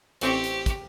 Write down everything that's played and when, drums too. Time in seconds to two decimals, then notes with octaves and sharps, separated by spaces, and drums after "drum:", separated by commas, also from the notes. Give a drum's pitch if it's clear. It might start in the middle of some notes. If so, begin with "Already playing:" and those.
0.21 A1 C4 G4 C#6, drum: hi-hat
0.44 drum: hi-hat
0.66 drum: kick, hi-hat